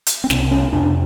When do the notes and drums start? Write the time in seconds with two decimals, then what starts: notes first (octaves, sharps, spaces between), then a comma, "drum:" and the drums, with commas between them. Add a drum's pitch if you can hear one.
0.07 drum: hi-hat
0.24 C4
0.30 C2 C3 C#4, drum: snare
0.51 C#4
0.73 F2 C3 D4